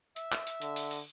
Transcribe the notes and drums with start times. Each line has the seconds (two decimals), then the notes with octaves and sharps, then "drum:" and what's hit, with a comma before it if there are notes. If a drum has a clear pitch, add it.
0.16 E5, drum: hi-hat
0.32 drum: clap
0.47 drum: hi-hat
0.62 D3, drum: hi-hat
0.76 drum: open hi-hat
0.91 drum: open hi-hat